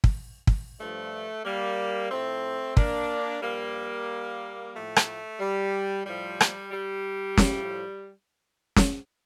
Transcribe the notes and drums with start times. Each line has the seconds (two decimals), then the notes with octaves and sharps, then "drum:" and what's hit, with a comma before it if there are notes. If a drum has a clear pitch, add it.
0.04 drum: kick
0.47 drum: kick
0.79 G2 F3 A3
1.45 G3 A#3
2.11 A2 F3 A3 C4
2.77 A#3 D4, drum: kick
3.42 G2 F3 G3 A#3
4.74 A2 F3 A3
4.96 drum: rim click
5.40 G3
6.05 A2 F3 G3
6.41 drum: rim click
6.72 G3
7.37 A2 F3, drum: snare
8.76 drum: snare